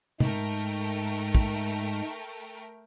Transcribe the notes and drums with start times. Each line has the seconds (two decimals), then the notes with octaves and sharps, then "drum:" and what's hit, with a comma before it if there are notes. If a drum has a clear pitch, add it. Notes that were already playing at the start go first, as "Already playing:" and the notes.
0.20 G#2 G#3 A3 A#4 G5, drum: tom
1.35 drum: kick